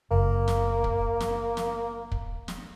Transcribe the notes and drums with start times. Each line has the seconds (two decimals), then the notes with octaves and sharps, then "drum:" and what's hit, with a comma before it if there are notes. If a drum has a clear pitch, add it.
0.11 F#1 A#3
0.48 drum: snare
0.84 drum: kick
1.20 drum: snare
1.57 drum: snare
2.12 drum: kick
2.48 drum: snare